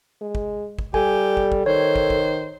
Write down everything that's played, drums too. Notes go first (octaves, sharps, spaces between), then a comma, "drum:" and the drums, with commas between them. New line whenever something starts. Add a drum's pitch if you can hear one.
G#3
drum: kick
drum: kick
G3 G4 A4 G#5, drum: kick
drum: kick
drum: kick
D#3 C5 C#5
drum: kick
drum: kick